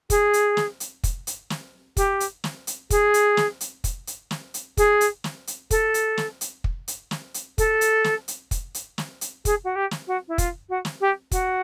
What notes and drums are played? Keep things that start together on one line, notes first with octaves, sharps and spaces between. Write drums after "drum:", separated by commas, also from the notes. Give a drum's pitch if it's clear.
G#4, drum: kick, hi-hat
drum: hi-hat
drum: snare
drum: hi-hat
drum: kick, hi-hat
drum: hi-hat
drum: snare
G4, drum: kick, hi-hat
drum: hi-hat
drum: snare
drum: hi-hat
G#4, drum: kick, hi-hat
drum: hi-hat
drum: snare
drum: hi-hat
drum: kick, hi-hat
drum: hi-hat
drum: snare
drum: hi-hat
G#4, drum: kick, hi-hat
drum: hi-hat
drum: snare
drum: hi-hat
A4, drum: kick, hi-hat
drum: hi-hat
drum: snare
drum: hi-hat
drum: kick
drum: hi-hat
drum: snare
drum: hi-hat
A4, drum: kick, hi-hat
drum: hi-hat
drum: snare
drum: hi-hat
drum: kick, hi-hat
drum: hi-hat
drum: snare
drum: hi-hat
G#4, drum: kick, hi-hat
F#4
G4
drum: snare
F#4
E4
F4, drum: kick, hi-hat
F#4
drum: snare
G4
F#4, drum: kick, hi-hat